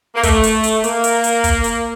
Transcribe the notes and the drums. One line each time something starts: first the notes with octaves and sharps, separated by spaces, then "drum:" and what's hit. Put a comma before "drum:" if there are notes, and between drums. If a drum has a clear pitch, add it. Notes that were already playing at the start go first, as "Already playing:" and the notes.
A#3
A3, drum: kick, hi-hat
drum: hi-hat
drum: hi-hat
A#3, drum: hi-hat
drum: hi-hat
drum: hi-hat
drum: kick, hi-hat
drum: hi-hat